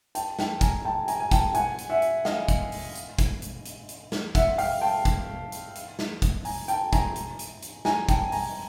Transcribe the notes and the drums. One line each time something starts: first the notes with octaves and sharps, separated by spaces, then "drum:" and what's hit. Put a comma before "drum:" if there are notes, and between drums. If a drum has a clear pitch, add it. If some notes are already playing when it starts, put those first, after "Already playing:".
G5 A5, drum: hi-hat
G5 A5, drum: snare
G#5 A#5, drum: kick, hi-hat
G5 A5
G#5 A#5, drum: hi-hat
G#5
G5 A5, drum: kick, hi-hat
F#5 G#5, drum: hi-hat
drum: hi-hat
E5 F#5
drum: hi-hat
D#5 F5, drum: snare
drum: kick, hi-hat
drum: open hi-hat
drum: hi-hat
drum: kick, hi-hat
drum: hi-hat
drum: hi-hat
drum: hi-hat
drum: snare
E5 F#5, drum: kick, hi-hat
F5 G5, drum: open hi-hat
G5 A5
drum: kick, hi-hat
drum: hi-hat
drum: hi-hat
drum: snare
drum: kick, hi-hat
G#5 A#5, drum: open hi-hat
G5 A5, drum: hi-hat
G#5 A#5, drum: kick, hi-hat
drum: hi-hat
drum: hi-hat
drum: hi-hat
G#5 A#5, drum: snare
G5 A5, drum: kick, hi-hat
G#5 A#5, drum: open hi-hat